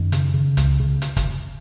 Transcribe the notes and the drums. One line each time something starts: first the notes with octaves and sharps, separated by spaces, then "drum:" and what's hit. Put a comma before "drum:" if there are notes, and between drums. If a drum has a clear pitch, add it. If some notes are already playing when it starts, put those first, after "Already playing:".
Already playing: F#2 D#3
C#3, drum: hi-hat
C#3
C#2, drum: hi-hat
C#3
drum: hi-hat
drum: kick, hi-hat